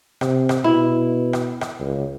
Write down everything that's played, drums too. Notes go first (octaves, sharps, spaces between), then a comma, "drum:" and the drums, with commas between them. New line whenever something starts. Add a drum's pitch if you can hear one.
C3, drum: rim click
drum: rim click
B2 E4
drum: rim click
drum: rim click
C#2